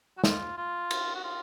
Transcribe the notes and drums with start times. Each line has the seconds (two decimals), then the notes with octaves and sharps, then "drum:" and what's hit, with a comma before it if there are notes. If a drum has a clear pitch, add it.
0.18 F#4
0.24 F4, drum: snare
0.58 F4
0.91 drum: cymbal
1.15 F#4
1.24 F4